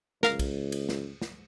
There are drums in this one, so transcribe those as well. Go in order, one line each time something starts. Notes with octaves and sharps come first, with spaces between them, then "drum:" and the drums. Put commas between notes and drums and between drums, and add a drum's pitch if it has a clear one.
C#2 A#4 F5 A#6, drum: snare
drum: kick, cymbal
drum: cymbal
drum: snare
drum: snare